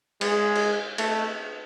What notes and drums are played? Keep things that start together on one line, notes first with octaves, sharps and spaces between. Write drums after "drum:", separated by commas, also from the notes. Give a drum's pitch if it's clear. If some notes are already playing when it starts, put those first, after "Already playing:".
G#3, drum: cymbal
drum: cymbal
A3, drum: cymbal